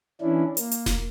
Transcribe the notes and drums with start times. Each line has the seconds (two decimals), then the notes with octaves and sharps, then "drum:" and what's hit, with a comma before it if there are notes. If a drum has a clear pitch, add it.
0.21 E3 C#4 D4 E4
0.57 A#3, drum: hi-hat
0.71 drum: hi-hat
0.86 drum: snare E1